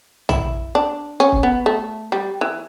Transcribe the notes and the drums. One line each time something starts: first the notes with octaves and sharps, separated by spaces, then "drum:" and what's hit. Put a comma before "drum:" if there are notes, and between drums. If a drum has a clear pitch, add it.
E4, drum: tom
D4
C#4
drum: kick C#1
B3
A3
G3
E3